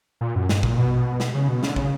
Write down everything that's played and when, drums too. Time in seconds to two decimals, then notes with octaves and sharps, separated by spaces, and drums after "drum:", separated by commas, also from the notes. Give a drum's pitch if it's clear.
0.21 A#2
0.35 F#2
0.49 G2, drum: snare
0.63 A#2, drum: kick
0.77 B2
1.20 drum: snare
1.35 C#3
1.48 B2
1.63 C#3, drum: snare
1.69 D3
1.76 C#3, drum: kick